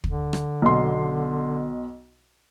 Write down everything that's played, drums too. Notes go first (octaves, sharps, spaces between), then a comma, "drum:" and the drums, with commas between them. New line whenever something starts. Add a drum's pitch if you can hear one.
D3, drum: kick
drum: rim click
B1 B2 C6